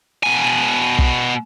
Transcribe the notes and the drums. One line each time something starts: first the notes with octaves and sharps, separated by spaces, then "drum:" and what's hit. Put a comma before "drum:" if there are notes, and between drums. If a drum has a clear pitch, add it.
B2 G#5
drum: kick